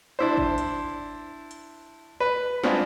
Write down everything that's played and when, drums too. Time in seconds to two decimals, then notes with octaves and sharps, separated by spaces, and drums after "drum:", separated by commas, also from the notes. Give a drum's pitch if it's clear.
0.19 D4 E4 C5
0.37 drum: kick G#1
0.58 drum: hi-hat
1.51 drum: hi-hat
2.20 B4
2.63 G#3 B3 C4 D4 F4, drum: snare